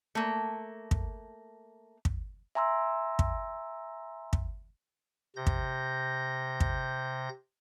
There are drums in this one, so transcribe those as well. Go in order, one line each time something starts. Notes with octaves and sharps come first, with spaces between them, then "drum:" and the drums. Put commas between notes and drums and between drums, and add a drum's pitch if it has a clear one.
A3 A#3
drum: kick
drum: kick
E5 G#5 A#5 C6 E6
drum: kick
drum: kick
C3 G6 A#6
drum: kick
drum: kick